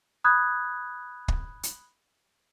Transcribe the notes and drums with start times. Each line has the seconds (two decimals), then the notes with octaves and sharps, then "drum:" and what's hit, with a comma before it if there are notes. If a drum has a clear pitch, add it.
0.24 B5 D#6 F#6 G#6
1.28 drum: kick
1.63 drum: hi-hat